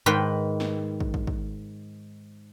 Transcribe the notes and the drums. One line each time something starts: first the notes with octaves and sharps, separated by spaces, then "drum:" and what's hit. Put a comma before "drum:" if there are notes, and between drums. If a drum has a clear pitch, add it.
G#2 D#3 B4 G5
drum: snare
drum: kick
drum: kick
drum: kick